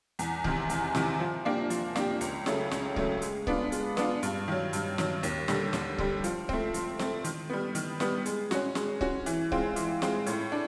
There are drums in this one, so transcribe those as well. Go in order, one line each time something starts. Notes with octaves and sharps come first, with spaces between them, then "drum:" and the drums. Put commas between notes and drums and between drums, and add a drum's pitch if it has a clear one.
E2, drum: hi-hat
C3 D#3, drum: kick C#1
E2, drum: hi-hat
C3 D#3, drum: snare
F3
A#3 D4 G4
F3, drum: hi-hat
A#3 D4 G4, drum: snare
C#2, drum: hi-hat
C#3 F#3 A3, drum: snare
C#2, drum: snare
C#3 F#3 A3, drum: kick C#1
G#3, drum: hi-hat
B3 D4 F4, drum: kick C#1
G#3, drum: hi-hat
B3 D4 F4, drum: snare
G2, drum: hi-hat
D#3 F#3
G2, drum: hi-hat
D#3 F#3, drum: snare
D#2, drum: hi-hat
D3 G3, drum: snare
D#2, drum: snare
D3 G3, drum: kick C#1
F3, drum: hi-hat
A3 C4, drum: kick C#1
F3, drum: hi-hat
A3 C4, drum: snare
D#3, drum: hi-hat
G3 B3
D#3, drum: hi-hat
G3 B3, drum: snare
G#3, drum: hi-hat
C#4 F#4, drum: snare
G#3, drum: snare
C#4 F#4, drum: kick C#1
E3, drum: hi-hat
G#3 C4 F4, drum: kick C#1
E3, drum: hi-hat
G#3 C4 F4, drum: snare
A2, drum: hi-hat
D4